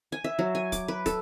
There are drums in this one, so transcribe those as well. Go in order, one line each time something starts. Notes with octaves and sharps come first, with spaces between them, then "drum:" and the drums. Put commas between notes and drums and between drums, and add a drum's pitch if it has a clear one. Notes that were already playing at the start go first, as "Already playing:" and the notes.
G#5
E5
F#3
G#5
D6, drum: kick, hi-hat
B4
A4, drum: kick, hi-hat